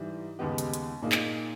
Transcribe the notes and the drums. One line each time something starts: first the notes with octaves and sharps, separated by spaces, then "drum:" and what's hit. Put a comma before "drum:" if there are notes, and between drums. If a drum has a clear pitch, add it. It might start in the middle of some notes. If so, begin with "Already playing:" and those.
Already playing: G#2 E3 G3
D#2 C#3 G#3 B3 G4
drum: hi-hat
drum: hi-hat
A#2 A#3 D#4 G#4
drum: clap